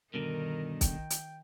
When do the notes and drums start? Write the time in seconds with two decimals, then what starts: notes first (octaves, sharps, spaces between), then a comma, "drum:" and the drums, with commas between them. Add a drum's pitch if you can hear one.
0.14 G2 B2 D3 D#3 A#4
0.81 G5, drum: kick, hi-hat
1.10 drum: hi-hat